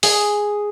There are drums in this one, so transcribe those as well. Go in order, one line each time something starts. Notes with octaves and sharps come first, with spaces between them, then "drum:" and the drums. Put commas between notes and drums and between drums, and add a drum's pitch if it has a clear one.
G#4, drum: open hi-hat